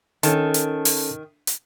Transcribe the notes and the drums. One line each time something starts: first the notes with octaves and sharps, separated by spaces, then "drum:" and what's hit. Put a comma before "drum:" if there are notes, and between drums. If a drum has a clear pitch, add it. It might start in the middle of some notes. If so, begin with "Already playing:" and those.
D#3 C#4 A4 A5, drum: hi-hat
drum: hi-hat
drum: open hi-hat
drum: hi-hat